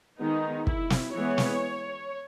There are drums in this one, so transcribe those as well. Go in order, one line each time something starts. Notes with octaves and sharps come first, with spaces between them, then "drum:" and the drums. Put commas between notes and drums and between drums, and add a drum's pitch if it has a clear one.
D#3 G#3 B3 D#4
E4, drum: kick
drum: snare
E3 G#3 B3 C#5
drum: snare